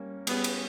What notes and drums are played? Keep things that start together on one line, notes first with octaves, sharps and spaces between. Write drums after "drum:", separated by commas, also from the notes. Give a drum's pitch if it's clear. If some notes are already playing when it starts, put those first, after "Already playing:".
Already playing: G3 A#3 C#4
G3 B3 C#4 G#4, drum: cymbal
drum: cymbal